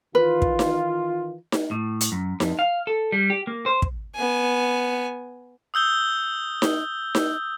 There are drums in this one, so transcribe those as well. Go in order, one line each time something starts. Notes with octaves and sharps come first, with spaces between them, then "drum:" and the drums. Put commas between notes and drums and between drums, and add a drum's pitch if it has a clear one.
D#3 E3 F4 B4
drum: kick
drum: snare D#4
drum: snare D#4
A2
drum: hi-hat
F#2
F2, drum: snare D#4
F5
A4
G3
G4
A#3
C5
drum: kick
B3 G#5
D#6 E6 G6 G7
drum: snare D#4
drum: snare D#4